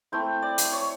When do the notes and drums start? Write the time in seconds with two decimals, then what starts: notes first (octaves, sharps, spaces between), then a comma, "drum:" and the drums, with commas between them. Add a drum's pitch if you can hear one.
0.12 A3 C4 E4 G5
0.42 D5
0.58 drum: hi-hat
0.72 C#5